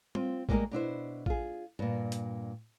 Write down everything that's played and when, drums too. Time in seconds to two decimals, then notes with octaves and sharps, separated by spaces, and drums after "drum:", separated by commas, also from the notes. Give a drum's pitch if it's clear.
0.15 C4 F4, drum: tom G3
0.49 G3 G#3 A#3 G4 G#4 A#4, drum: kick
0.71 B2 D4 E4 C5
1.26 F4 G#4, drum: kick
1.79 G2 A#2, drum: tom G2
2.12 drum: hi-hat